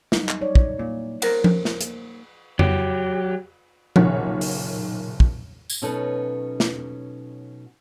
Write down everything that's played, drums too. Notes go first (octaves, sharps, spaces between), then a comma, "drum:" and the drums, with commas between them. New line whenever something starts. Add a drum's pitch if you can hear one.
F#3 G3 D#4, drum: snare
drum: clap
D#4 C#5 D5
drum: kick
A#2 A#3 E4
A#4 C5 F#5, drum: cymbal
drum: tom F3
drum: snare
A#3, drum: hi-hat
F#3 G4, drum: tom F2
F#1 B1 A#2 D#3 C#5 F#5, drum: tom F3
drum: open hi-hat
drum: kick
drum: tambourine
B2 F#3 C#4 D#4 A4 B4
drum: snare